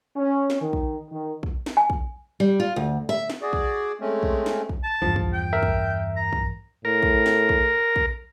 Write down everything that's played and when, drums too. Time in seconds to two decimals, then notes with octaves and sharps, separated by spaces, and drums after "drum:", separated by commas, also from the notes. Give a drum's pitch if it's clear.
0.16 C#4
0.50 drum: snare
0.61 D#3
0.73 drum: kick
1.11 D#3
1.43 drum: kick
1.66 drum: snare
1.77 G#5
1.90 drum: kick
2.40 G3
2.60 F4
2.76 D2
3.09 E5
3.30 drum: snare
3.42 F#4 G#4 D5
3.53 drum: kick
4.00 G#3 A3 C4 C#4
4.23 drum: kick
4.46 drum: snare
4.69 drum: kick
4.84 A5
5.02 E2 G2 F3
5.16 drum: kick
5.33 G5
5.53 A#4 E5
5.63 drum: kick
6.17 A#5
6.33 drum: kick
6.85 A2 A#4
7.03 drum: kick
7.26 drum: snare
7.49 drum: kick
7.96 drum: kick